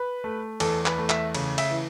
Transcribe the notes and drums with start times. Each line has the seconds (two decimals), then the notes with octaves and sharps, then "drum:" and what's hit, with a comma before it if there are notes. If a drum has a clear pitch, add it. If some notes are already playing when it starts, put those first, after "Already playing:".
Already playing: B4
0.24 A3
0.60 E2 A4, drum: cymbal
0.86 B4, drum: clap
0.98 A3
1.09 E5, drum: clap
1.35 C#3, drum: cymbal
1.58 E5, drum: cymbal
1.70 E3